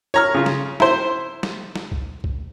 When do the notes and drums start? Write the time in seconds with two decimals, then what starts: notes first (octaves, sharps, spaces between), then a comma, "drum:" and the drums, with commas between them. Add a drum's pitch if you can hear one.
0.14 C#5 A#5 F6
0.34 C#3 F4
0.46 drum: snare
0.80 E4 C5, drum: snare
1.43 drum: snare
1.75 drum: snare
1.92 drum: kick C2
2.24 drum: kick C2